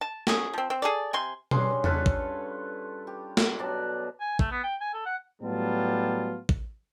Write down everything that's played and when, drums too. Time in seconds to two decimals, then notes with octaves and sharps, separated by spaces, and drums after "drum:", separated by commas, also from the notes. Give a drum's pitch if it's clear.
0.01 A5
0.27 F#3 C#4 G#4, drum: snare
0.53 F3 C4
0.70 C4
0.82 G#4 A4 D5
1.13 C3 G#5 C6
1.51 G2 C#4 G#4 C6, drum: tom B2
1.84 F4 A4 B4 C#5, drum: tom E2
2.06 drum: kick
3.07 G4
3.37 drum: snare
3.59 B2 F#3 D5 A5
4.20 G#5
4.39 A3, drum: kick
4.51 B3
4.63 G5
4.81 G#5
4.93 A4
5.06 F#5
5.42 A2 F#3 G3 B3 F4 A5
6.49 drum: kick